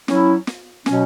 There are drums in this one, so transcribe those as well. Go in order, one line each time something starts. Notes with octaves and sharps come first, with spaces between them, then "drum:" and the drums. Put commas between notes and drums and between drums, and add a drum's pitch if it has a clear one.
F#3 C#4 E4, drum: snare
drum: snare
B2 F#3 C#4, drum: snare